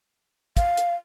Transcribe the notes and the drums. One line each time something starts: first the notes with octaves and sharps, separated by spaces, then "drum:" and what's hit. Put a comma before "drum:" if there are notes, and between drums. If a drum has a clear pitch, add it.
F5, drum: kick, hi-hat
drum: hi-hat